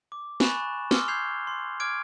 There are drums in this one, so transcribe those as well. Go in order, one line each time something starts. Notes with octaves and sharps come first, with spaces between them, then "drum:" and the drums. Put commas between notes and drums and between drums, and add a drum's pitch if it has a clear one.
D6
G#5 B5 C#6 F#6 A6 E7, drum: snare
C6 D6 E6 F6 G7, drum: snare
G6 G#6 C7 F7
C6
D6 F6 G#6 D7